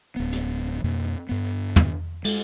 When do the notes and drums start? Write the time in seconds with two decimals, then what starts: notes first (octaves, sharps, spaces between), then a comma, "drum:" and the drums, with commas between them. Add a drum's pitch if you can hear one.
0.16 D1 B3
0.33 drum: hi-hat
0.84 F2 B2 A#3
1.29 G2 B3
1.76 drum: tom
2.25 G#3, drum: cymbal